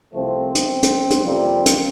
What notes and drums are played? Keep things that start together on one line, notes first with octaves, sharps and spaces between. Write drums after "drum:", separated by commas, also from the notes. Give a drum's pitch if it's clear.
C2 C3 F3 A3 C4
drum: hi-hat
drum: hi-hat
drum: hi-hat
F2 C3 G3 A#3 C4
drum: hi-hat